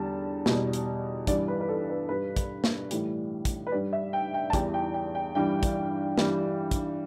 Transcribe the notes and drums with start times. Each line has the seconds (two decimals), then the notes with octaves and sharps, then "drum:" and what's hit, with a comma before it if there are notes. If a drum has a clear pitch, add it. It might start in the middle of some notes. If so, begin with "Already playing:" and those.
Already playing: E2 D3 G3 A5
0.46 E2 B2 G3, drum: snare
0.73 drum: hi-hat
1.27 G2 E3 G3 D5, drum: kick, hi-hat
1.48 B4
1.61 B4
1.69 A4
1.90 B4
2.09 G2 G3 B4
2.37 drum: kick, hi-hat
2.64 drum: snare
2.91 A2 E3 G3, drum: hi-hat
3.45 drum: kick, hi-hat
3.67 B4
3.72 G2 G3 D5
3.93 E5
4.13 G5
4.34 G5
4.50 A5
4.53 E2 E3 G3 G5, drum: kick, hi-hat
4.74 G5
4.94 G5
5.15 G5
5.35 G2 E3 G3 G5
5.63 drum: kick, hi-hat
6.18 G2 E3 G3, drum: snare
6.71 drum: kick, hi-hat